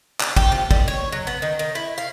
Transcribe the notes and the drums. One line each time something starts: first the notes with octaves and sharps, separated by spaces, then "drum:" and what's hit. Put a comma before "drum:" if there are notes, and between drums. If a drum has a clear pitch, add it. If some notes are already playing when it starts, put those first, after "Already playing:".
D4, drum: clap
G4, drum: kick
F3
G3, drum: kick
C#5
F#3
B3
D#3
D#3
E4
F5